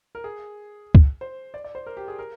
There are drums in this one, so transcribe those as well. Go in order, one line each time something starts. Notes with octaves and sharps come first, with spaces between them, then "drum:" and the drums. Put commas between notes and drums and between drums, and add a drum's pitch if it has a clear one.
A#4
G#4
drum: kick C#2
C5
D5
D5
C5
A#4
G4
G#4
A#4